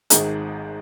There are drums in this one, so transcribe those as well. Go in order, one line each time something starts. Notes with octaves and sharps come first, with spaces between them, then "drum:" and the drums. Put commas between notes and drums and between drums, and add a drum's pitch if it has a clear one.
G#1 G#2 D#3 G#4, drum: hi-hat